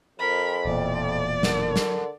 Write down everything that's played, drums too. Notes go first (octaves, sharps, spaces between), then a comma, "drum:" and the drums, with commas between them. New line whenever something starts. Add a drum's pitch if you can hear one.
F2 A#4 B5
E1 E2 A#2 D5
D3 A#4, drum: snare
drum: snare